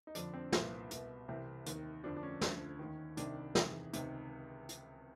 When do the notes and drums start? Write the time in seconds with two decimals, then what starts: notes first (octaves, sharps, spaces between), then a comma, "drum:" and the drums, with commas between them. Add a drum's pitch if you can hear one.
0.07 D#4
0.15 F2 D3 F3 D4, drum: hi-hat
0.34 C4
0.52 C2 A#2 F3 B3, drum: snare
0.91 C2 B2, drum: hi-hat
1.28 C2 C3 E3 C4
1.66 D#2 D#3, drum: hi-hat
2.04 F2 D3 F3 D4
2.16 D4
2.23 C#4
2.41 D2 D3 F3, drum: snare
2.79 D#2 D#3
3.17 C2 C3 D#3 D4, drum: hi-hat
3.55 E2 C3 D#3 G#4, drum: snare
3.93 C#2 C3 D#3, drum: hi-hat
4.69 drum: hi-hat